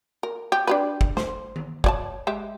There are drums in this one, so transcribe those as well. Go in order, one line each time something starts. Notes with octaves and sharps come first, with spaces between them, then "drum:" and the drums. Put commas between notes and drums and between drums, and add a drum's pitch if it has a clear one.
A#4
G4
D4 G4 B4
drum: kick
C5, drum: snare
drum: tom D#3
C#5 D5 A5, drum: kick
G#3 G4 E5